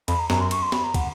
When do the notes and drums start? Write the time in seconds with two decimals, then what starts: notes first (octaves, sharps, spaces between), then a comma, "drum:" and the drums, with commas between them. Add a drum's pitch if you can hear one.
0.08 F2 B5, drum: cymbal
0.19 A#5
0.30 F#2 A#5, drum: snare
0.40 C6
0.51 C#6, drum: cymbal
0.62 C6
0.72 B5, drum: snare
0.84 A#5
0.94 F#5, drum: kick, cymbal